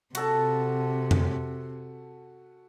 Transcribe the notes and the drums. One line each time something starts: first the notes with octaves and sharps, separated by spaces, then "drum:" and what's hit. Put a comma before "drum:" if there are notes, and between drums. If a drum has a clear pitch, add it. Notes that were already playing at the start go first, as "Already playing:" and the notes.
C3 F#4 A4 A5, drum: cymbal
drum: tom F2